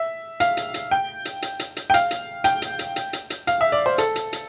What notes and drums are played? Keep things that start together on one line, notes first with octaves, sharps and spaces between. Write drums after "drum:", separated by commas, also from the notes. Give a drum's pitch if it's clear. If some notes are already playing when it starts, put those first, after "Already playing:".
Already playing: E5
F5, drum: hi-hat
drum: hi-hat
drum: hi-hat
G5
drum: hi-hat
drum: hi-hat
drum: hi-hat
drum: hi-hat
G5
F5, drum: hi-hat
drum: hi-hat
G5, drum: hi-hat
drum: hi-hat
drum: hi-hat
drum: hi-hat
drum: hi-hat
drum: hi-hat
F5, drum: hi-hat
E5
D5
C5
A4, drum: hi-hat
drum: hi-hat
drum: hi-hat